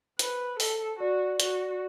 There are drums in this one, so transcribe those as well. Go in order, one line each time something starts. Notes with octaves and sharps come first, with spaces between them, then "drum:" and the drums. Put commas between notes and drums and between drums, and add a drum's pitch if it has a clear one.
B4 C5, drum: hi-hat
A4, drum: open hi-hat
F#4 D5
F#4, drum: hi-hat